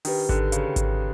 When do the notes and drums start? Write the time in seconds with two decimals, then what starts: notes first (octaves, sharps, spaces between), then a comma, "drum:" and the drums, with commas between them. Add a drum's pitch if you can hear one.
0.05 D#3 D4 G4 B4, drum: open hi-hat
0.29 D3, drum: kick G#1
0.52 C#3, drum: hi-hat
0.76 drum: kick G#1, hi-hat